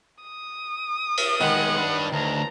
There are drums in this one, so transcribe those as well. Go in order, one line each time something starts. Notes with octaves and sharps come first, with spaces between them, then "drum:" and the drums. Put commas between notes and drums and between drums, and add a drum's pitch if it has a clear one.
D#6
drum: cymbal
D#3 G#3 B3 F#5
D4 B4
D2 A5 A#5